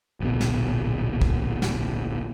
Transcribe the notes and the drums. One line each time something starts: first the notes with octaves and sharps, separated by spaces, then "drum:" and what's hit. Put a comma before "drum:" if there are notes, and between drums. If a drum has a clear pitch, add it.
D1 A#1 B2
drum: snare
drum: kick
drum: snare